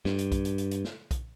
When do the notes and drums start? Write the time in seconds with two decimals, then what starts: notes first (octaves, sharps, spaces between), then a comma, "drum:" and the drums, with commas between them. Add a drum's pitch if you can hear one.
0.05 G2, drum: snare
0.18 drum: hi-hat
0.32 drum: kick B1, hi-hat
0.45 drum: hi-hat
0.58 drum: hi-hat
0.71 drum: hi-hat
0.84 drum: snare
1.11 drum: kick B1, hi-hat